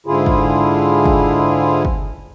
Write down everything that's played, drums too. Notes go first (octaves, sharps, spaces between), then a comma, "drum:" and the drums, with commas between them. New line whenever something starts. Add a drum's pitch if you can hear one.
G#2 D3 E4 F4 G#4
drum: kick
drum: kick
drum: kick